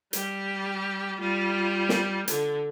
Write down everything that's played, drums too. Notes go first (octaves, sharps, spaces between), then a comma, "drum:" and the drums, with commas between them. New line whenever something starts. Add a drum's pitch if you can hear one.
G3 G4, drum: hi-hat
G3 F4
drum: snare
D3, drum: hi-hat